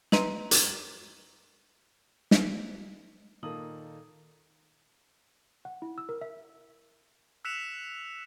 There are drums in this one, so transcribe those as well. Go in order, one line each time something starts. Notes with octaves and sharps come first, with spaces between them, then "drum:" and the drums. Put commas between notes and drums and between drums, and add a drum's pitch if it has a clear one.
B4 D#5 A#5 C6 D#7, drum: snare
drum: hi-hat
drum: snare
A#2 D#3 A#3 A4 D#6 F#7
F#5
E4
E6
A#4
E5
E6 F#6 B6 C#7 E7 F7